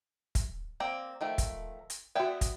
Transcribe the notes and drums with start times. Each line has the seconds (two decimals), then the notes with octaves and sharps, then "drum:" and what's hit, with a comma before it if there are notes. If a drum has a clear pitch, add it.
0.35 drum: kick, hi-hat
0.80 A#3 C4 D5
1.21 D#3 F3 A3
1.38 drum: kick, hi-hat
1.90 drum: hi-hat
2.15 B3 F#4 D5 E5 G5
2.41 drum: kick, hi-hat